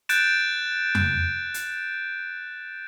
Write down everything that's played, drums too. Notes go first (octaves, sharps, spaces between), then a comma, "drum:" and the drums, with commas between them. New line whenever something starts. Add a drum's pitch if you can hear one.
F#6 G6 A6 D7 E7, drum: hi-hat
drum: tom F2
drum: hi-hat